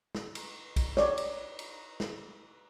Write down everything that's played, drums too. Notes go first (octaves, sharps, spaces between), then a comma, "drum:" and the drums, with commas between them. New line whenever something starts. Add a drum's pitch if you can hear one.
drum: snare
drum: cymbal
drum: kick, cymbal
C#5 D5, drum: snare
drum: cymbal
drum: cymbal
drum: snare